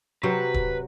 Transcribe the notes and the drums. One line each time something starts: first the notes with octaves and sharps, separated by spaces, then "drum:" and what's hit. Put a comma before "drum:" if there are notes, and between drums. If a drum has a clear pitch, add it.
C3 F#3 B4 C5
drum: kick